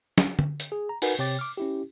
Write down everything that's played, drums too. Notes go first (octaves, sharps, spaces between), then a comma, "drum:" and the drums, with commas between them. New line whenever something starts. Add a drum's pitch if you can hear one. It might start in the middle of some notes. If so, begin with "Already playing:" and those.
drum: snare
drum: tom
drum: hi-hat
G#4
A#5
D#4 F#4 A#4 B4 F#5 G#5, drum: open hi-hat
C3 C#5 G5 D6 A6
D6 F6
C#4 E4 G4